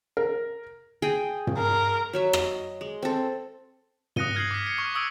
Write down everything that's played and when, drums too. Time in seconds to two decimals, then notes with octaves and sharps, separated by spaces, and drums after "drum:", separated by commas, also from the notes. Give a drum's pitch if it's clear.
0.17 A#4
1.02 G#4 G5
1.47 drum: tom
1.57 A#4
2.13 F#3 C#5 E5
2.33 D#5, drum: rim click
2.81 G#3
3.03 C4 A4
4.16 D#6 F#6 A#6 C#7 D#7 G7, drum: tom
4.35 F6 G#6 A#6 C7 F#7
4.51 D6 B6
4.67 C#7
4.78 C#6 F6
4.95 C#6 D#6 E6 G#6 D7 F#7